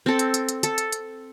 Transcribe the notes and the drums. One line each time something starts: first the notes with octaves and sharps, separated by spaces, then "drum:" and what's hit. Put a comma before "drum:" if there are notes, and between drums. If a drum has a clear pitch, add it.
C4 A4
drum: hi-hat
drum: hi-hat
drum: hi-hat
A4, drum: hi-hat
drum: hi-hat
drum: hi-hat